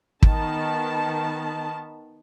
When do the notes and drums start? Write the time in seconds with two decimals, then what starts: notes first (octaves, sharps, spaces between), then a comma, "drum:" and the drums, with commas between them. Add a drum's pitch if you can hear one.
0.23 D#3 B3 A5, drum: kick